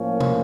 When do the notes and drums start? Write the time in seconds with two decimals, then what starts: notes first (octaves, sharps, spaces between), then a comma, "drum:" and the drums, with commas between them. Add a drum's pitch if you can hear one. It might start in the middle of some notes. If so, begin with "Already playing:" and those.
Already playing: A2 F3 A#3 C#4
0.20 drum: tom